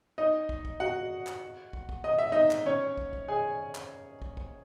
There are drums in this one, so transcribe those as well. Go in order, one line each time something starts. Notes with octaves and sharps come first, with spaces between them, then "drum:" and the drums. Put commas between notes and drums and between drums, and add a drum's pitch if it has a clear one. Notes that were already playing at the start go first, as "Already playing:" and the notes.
D#4 D#5
drum: kick
drum: kick
F#4 F#5
drum: clap
drum: kick
drum: kick
D#5
E5
D#4 D#5
drum: clap
C#4 C#5
drum: kick
drum: kick
G#4 G#5
drum: clap
drum: kick
drum: kick